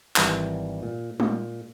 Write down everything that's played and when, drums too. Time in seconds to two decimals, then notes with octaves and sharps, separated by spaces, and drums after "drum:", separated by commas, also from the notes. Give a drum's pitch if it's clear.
0.16 G#1 E3 G3 A#4 A5, drum: clap
0.83 A#2
1.20 A#2, drum: tom